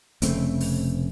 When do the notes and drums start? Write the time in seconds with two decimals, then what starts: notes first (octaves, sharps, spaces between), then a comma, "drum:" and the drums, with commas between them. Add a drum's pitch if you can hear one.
0.22 F1 C#3 A3 C4, drum: hi-hat
0.61 drum: open hi-hat